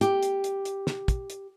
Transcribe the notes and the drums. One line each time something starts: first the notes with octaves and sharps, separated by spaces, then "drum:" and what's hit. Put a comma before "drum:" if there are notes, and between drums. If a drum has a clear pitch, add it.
G4, drum: hi-hat
drum: hi-hat
drum: hi-hat
drum: hi-hat
drum: snare
drum: kick, hi-hat
drum: hi-hat